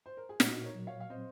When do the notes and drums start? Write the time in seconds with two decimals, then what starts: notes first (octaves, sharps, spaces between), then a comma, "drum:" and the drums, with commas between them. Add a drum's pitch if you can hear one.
0.06 C5
0.17 A#4
0.29 G#4
0.40 A#2 D#4 F#4, drum: snare
0.63 A#4 C#5
0.75 F#3
0.87 C#5 F5
1.00 F5
1.10 C4 C5 D#5